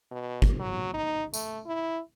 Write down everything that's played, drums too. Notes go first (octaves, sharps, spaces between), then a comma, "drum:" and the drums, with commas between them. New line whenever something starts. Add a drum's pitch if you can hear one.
B2
drum: kick
F#3
D#4
A3, drum: tambourine
E4